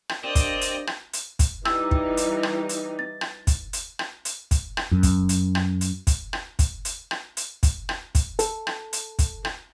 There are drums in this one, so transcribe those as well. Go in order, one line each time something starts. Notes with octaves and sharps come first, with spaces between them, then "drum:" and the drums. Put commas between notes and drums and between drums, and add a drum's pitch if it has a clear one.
drum: rim click
C4 D4 G4 A#4 C5 D5 D#5 F5
drum: kick, hi-hat
drum: hi-hat
drum: rim click
drum: hi-hat
drum: kick, hi-hat
E3 G3 D#4 E6, drum: rim click
drum: kick
drum: hi-hat
drum: rim click
drum: hi-hat
A6
drum: rim click
drum: kick, hi-hat
drum: hi-hat
drum: rim click
drum: hi-hat
drum: kick, hi-hat
drum: rim click
F#2
drum: kick, hi-hat
drum: hi-hat
drum: rim click
drum: hi-hat
drum: kick, hi-hat
drum: rim click
drum: kick, hi-hat
drum: hi-hat
drum: rim click
drum: hi-hat
drum: kick, hi-hat
drum: rim click
drum: kick, hi-hat
A4, drum: hi-hat
drum: rim click
drum: hi-hat
drum: kick, hi-hat
drum: rim click